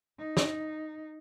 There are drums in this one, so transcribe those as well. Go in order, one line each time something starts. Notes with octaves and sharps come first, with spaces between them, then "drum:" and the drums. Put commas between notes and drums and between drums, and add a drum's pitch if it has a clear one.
D#4
drum: snare